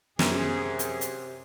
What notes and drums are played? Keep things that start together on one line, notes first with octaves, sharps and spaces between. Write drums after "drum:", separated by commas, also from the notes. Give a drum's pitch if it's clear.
F#2 C3 G#4, drum: snare
drum: hi-hat
drum: hi-hat